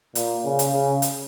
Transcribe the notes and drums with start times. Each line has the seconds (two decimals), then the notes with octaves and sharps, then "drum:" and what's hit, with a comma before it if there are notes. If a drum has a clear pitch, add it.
0.15 A#2, drum: hi-hat
0.45 C#3
0.59 drum: hi-hat
0.73 C#3
1.02 drum: hi-hat